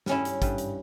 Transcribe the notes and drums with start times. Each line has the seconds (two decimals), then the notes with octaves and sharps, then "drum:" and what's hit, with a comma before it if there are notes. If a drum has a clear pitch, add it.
0.06 G2 C#4 E4, drum: snare
0.25 drum: hi-hat
0.42 G2, drum: kick G#1, hi-hat
0.58 drum: hi-hat